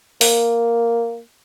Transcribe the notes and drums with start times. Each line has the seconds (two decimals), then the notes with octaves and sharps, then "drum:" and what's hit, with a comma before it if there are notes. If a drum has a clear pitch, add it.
0.21 A#3, drum: open hi-hat